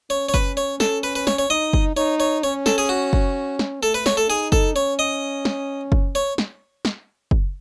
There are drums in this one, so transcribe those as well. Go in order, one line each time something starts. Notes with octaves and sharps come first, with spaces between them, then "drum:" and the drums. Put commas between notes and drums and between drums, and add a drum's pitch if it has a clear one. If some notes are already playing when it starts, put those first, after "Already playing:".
C#4 C#5
C#5
B4, drum: kick F#1
C#5
A4, drum: snare
B4
B4
C#5, drum: snare
C#5
D#4 D#5
drum: kick F#1
D#4 C#5
C#5
C#4 C#5
A4, drum: snare
G#4
F#4
drum: kick F#1
drum: snare
A3 A4
B4
C#5, drum: snare
A4
D#4 G#4
A4, drum: kick F#1
C#4 C#5
D#5
drum: snare
drum: kick F#1
C#5
drum: snare
drum: snare
drum: kick F#1